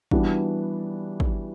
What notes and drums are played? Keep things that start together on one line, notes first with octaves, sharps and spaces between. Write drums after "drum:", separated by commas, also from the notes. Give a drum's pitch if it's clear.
E3 G3 B3 D4 F#4, drum: kick
drum: kick